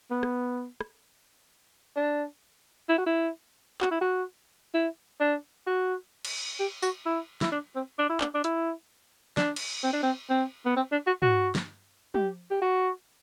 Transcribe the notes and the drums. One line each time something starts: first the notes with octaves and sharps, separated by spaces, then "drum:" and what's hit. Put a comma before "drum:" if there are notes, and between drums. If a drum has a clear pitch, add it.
B3
drum: rim click
drum: rim click
D4
E4
F#4
E4
F#4, drum: clap
E4
F#4
E4
D4
F#4
drum: cymbal
G4
F#4, drum: tambourine
E4
E4, drum: snare
D4
C4
D4
E4
D4, drum: clap
D4
E4, drum: hi-hat
D4, drum: snare
drum: cymbal
C4
D4
C4
C4
B3
C4
D4
F#4
F#4, drum: tom
drum: snare
G4, drum: tom
G4
F#4